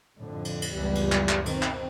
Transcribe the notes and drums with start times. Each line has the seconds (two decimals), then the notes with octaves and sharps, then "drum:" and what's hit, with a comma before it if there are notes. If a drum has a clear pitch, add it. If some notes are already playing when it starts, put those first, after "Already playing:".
0.19 F2 A2 D3
0.45 drum: cymbal
0.62 drum: cymbal
0.72 F#1 C#2 E3 G3 B3
0.95 drum: cymbal
1.12 drum: clap
1.29 drum: clap
1.46 B2 D#3 C4, drum: cymbal
1.63 drum: clap